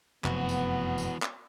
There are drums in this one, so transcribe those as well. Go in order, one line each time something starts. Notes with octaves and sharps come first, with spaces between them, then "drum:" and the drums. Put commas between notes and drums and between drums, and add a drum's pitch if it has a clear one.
F1 F#2 E3 B3 F#4, drum: clap
drum: tambourine
drum: tambourine
drum: clap